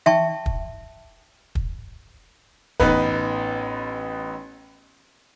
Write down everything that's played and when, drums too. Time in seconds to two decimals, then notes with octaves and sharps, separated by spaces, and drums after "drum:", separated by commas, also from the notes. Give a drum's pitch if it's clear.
0.06 E5 G5 A5 C#6, drum: tom E3
0.46 drum: kick
1.55 drum: kick
2.80 A1 B3 D#4 B4, drum: kick